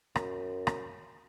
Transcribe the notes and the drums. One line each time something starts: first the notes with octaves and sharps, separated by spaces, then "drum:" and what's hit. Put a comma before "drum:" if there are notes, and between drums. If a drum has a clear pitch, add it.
F#2, drum: rim click
drum: rim click